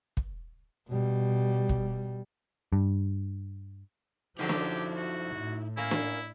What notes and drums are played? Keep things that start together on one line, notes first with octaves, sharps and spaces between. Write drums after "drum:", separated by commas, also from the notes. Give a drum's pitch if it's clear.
drum: kick
B2 G3
drum: kick
G2
F#2 D3 F3 F#3 D#4 E4 G4
drum: snare
F#4
A2
A#3 C#4 E4
drum: snare